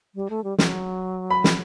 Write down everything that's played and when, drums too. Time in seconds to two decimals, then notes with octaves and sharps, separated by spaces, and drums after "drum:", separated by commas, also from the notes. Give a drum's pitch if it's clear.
0.15 G3
0.30 A3
0.44 G3
0.58 F#3, drum: snare
1.30 B5
1.44 drum: snare